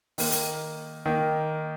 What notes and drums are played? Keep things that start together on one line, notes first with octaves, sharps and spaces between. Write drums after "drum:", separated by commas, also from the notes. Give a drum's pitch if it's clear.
D#3 A#3, drum: open hi-hat
drum: hi-hat
D#3 A#3